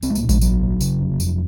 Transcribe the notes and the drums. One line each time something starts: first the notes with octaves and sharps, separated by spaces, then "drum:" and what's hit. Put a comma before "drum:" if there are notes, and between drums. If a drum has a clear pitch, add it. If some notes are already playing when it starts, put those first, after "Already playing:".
C2 C4, drum: tambourine
G#3
A#3, drum: tambourine
A#2
G#3, drum: kick A1, tambourine
C2 F#3, drum: tambourine
A#2
C#3, drum: tambourine
F1
F2, drum: tambourine